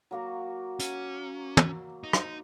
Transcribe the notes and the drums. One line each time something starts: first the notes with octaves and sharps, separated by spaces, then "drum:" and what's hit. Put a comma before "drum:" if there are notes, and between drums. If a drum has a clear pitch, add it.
F#3 A#3 F#4
C#4, drum: hi-hat
drum: tom
D#4
drum: rim click